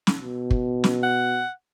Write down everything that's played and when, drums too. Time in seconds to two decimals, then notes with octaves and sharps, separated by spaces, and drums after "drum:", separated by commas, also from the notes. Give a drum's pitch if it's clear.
0.07 drum: snare
0.21 B2
0.51 drum: kick
0.84 drum: snare
1.03 F#5